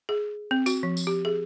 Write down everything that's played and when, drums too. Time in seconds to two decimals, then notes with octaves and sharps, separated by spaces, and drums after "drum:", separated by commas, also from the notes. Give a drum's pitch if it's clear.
0.09 G#4
0.51 C4
0.66 F#4, drum: tambourine
0.83 F3
0.97 drum: tambourine
1.07 G4
1.25 G#4